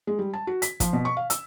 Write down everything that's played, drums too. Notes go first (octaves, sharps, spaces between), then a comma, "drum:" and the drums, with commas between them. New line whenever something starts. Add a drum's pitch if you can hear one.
G#3
G3
A5
F#4
B6, drum: hi-hat
F3, drum: kick, hi-hat
B2
C#6
F5
E6, drum: hi-hat